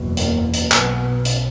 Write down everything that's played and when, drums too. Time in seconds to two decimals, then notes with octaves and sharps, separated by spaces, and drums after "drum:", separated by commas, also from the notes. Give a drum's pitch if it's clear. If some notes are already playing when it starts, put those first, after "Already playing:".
Already playing: F#1 E2 B2
0.17 A#3, drum: hi-hat
0.54 drum: hi-hat
0.71 B1 B2 B3, drum: clap
1.25 drum: hi-hat